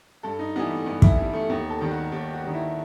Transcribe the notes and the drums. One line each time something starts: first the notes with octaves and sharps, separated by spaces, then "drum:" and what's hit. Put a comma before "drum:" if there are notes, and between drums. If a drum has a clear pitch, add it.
G2 A4
D#4
E3 G3 B3
A3
G2 B3
E4, drum: kick
E3 G3
A3
D#2 B3
A4
D#3 G3
F#4
D#2 G4
F#4
D#3 G3
E4